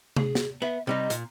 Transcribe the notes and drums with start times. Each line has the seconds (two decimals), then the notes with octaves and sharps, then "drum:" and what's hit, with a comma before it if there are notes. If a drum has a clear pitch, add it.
0.16 G#4, drum: tom C3
0.35 drum: snare
0.62 B3 E5
0.87 C3 G3 D#4 D#5
1.10 A#2, drum: hi-hat